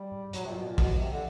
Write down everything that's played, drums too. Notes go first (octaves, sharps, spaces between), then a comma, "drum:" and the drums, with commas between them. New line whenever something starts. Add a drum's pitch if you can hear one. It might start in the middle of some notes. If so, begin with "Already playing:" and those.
Already playing: G3
G#2
G#2 F#3, drum: hi-hat
C3
A#2
B2 F#3
A#2
B2 A3, drum: kick, open hi-hat
B2
C3 F3
D3